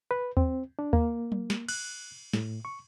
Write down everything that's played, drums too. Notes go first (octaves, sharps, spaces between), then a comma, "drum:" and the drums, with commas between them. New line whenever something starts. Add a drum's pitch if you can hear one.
B4
C4, drum: kick D#2
D4
A#3, drum: kick D#2
drum: tom F#3
drum: snare
F#6, drum: cymbal
A2, drum: snare
C#6